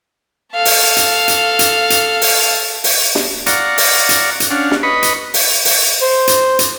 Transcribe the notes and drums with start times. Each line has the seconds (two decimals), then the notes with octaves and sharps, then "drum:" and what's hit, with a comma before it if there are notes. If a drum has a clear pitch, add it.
0.53 A4 F5
0.65 drum: open hi-hat
0.97 drum: hi-hat
1.28 drum: hi-hat
1.59 drum: hi-hat
1.90 drum: hi-hat
2.21 drum: open hi-hat
2.84 drum: open hi-hat
3.15 drum: snare
3.46 D5 F5 F#5 A#5 C#6, drum: hi-hat
3.78 drum: open hi-hat
4.09 drum: hi-hat
4.40 drum: hi-hat
4.51 C#4 D4 F5 F#5
4.71 drum: snare
4.83 B4 D#5 B5 C#6
5.03 drum: hi-hat
5.34 drum: open hi-hat
5.65 drum: open hi-hat
6.01 C5
6.27 drum: hi-hat
6.59 drum: hi-hat